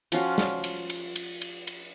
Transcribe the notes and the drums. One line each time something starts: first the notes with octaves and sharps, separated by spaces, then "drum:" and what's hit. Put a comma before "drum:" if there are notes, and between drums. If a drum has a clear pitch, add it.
F3 C#4 F4 F#4, drum: cymbal
drum: snare
drum: cymbal
drum: cymbal
drum: cymbal
drum: cymbal
drum: cymbal